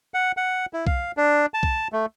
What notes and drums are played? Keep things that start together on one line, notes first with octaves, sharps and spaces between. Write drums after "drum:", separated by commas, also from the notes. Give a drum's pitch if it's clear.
F#5
F#5
E4
F5, drum: kick B1
D4
A5
drum: kick B1
A3